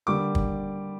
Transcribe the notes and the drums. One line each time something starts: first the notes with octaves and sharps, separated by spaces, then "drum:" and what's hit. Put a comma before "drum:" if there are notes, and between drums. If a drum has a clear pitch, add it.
D3 G3 A#3 D6
drum: kick